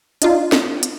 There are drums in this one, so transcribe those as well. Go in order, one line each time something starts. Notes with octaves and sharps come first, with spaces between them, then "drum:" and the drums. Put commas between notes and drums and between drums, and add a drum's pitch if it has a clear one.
D4 D#4 F4, drum: hi-hat
drum: snare
drum: hi-hat